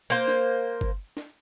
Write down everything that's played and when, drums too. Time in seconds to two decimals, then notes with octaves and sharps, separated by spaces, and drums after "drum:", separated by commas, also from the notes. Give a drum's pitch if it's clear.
0.10 A#3 C5
0.28 drum: snare
0.81 drum: kick G1
1.17 drum: snare